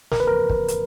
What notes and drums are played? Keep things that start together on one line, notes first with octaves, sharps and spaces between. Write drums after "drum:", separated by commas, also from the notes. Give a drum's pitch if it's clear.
A#4, drum: snare
B4
A#4
drum: kick
drum: hi-hat